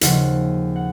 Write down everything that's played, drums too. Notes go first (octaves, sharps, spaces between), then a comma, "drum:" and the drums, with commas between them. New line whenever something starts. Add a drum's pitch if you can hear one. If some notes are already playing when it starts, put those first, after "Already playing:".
D#2 C#3 F3 F#5, drum: hi-hat
F#5